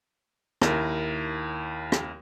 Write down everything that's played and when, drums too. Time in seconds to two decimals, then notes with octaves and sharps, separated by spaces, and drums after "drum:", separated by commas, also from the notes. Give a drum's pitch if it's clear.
0.62 D#2 E4 A#4, drum: rim click
1.92 drum: rim click